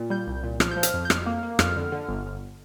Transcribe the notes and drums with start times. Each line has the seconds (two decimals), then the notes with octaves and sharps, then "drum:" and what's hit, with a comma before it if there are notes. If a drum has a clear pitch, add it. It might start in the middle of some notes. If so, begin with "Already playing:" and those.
Already playing: A#2
0.10 G3 G6
0.27 C2
0.44 A#2
0.60 F3 F6, drum: rim click
0.71 G6
0.77 F3
0.83 F6, drum: hi-hat
0.94 F2
1.05 G6
1.10 F2 F6, drum: rim click
1.26 A#3
1.43 A#3
1.59 F2 F6, drum: rim click
1.76 D3
1.92 D3
2.09 G1
2.25 G1